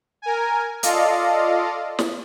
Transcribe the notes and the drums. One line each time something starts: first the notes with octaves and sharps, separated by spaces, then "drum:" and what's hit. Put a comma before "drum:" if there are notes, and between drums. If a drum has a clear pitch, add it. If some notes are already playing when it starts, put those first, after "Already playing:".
A#4 G#5
F4 A4 D5 D#5 F5, drum: hi-hat
drum: snare